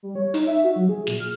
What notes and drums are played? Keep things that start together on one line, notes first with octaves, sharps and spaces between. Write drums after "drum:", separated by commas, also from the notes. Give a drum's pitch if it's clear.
G3
C#5
D#4, drum: hi-hat
E5
F#4
F#3
G#4
A#2, drum: snare
F6